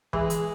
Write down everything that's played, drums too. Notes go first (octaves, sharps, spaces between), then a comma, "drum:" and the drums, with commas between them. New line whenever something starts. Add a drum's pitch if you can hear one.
E3 G#3, drum: kick
drum: hi-hat